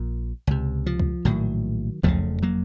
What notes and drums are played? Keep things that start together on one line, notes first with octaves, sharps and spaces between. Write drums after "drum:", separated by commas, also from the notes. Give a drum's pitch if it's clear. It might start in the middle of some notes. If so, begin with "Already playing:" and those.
Already playing: A#1 A#2
C#2 C3
F3
drum: kick C#2
A#1 A2 D#3 F#3
F#1 F2 C#3 F3 A3, drum: kick C#2
F#3 A#3